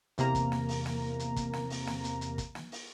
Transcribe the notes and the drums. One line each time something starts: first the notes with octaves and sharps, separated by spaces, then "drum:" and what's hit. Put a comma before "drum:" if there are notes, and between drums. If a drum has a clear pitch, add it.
E2 C3 A#3 A#5, drum: hi-hat
drum: kick, hi-hat
drum: snare
drum: open hi-hat
drum: snare
drum: hi-hat
drum: kick, hi-hat
drum: snare
drum: open hi-hat
drum: snare
drum: hi-hat
drum: hi-hat
drum: kick, hi-hat
drum: snare
drum: open hi-hat